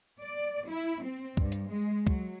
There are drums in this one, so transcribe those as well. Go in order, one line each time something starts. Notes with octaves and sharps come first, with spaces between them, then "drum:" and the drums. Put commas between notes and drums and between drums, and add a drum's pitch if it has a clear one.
D5
E4
C4
G2, drum: kick
drum: hi-hat
G#3
F#3, drum: kick